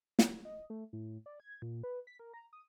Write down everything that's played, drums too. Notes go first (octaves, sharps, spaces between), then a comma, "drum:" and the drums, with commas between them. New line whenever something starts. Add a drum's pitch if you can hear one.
drum: snare
D#5
A3
A2
D5
G#6
A#2
B4
B6
A#4
A#5
D#6